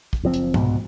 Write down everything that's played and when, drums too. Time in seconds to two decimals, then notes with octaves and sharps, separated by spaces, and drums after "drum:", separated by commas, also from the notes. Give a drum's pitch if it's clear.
0.13 drum: kick
0.23 F#1 F3 C4
0.34 drum: hi-hat
0.54 C2 G#2 B2, drum: tom